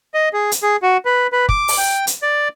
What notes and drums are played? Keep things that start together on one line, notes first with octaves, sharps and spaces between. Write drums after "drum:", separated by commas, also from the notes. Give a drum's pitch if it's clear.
D#5
G#4
drum: hi-hat
G#4
F#4
B4
B4
D6, drum: kick
drum: open hi-hat
G5
drum: hi-hat
D5